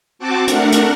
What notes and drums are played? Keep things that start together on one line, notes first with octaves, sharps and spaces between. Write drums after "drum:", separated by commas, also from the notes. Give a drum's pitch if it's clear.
C4 F#4 A5 D6
A3 D4 A#4 F#5, drum: hi-hat
drum: hi-hat